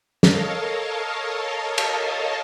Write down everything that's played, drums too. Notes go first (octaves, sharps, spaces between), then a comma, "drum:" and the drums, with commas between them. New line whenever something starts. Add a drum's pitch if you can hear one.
A4 A#4 C#5 D#5 F5 A5, drum: snare
drum: cymbal